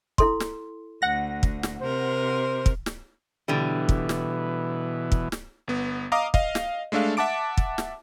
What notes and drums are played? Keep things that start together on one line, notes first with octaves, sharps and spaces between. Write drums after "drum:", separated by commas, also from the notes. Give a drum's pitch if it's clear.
E4 A4 C6, drum: kick
drum: snare
D2 F#5 A#6
drum: kick
drum: snare
C3 A#4 C5
drum: kick
drum: snare
B2 D3 E3 G3
drum: kick
drum: snare
drum: kick
drum: snare
G1 B3
D#5 F5 A#5 D6 D#6
D#5 F5, drum: kick
drum: snare
G#3 A3 D4 A4 F5
E5 F#5 A5 D6 D7
drum: kick
drum: snare